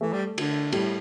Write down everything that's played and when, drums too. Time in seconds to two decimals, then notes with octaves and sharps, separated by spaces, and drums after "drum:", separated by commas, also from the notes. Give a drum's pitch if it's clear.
0.01 E3 A3
0.13 G3
0.38 D3, drum: cymbal
0.72 A2 G3, drum: cymbal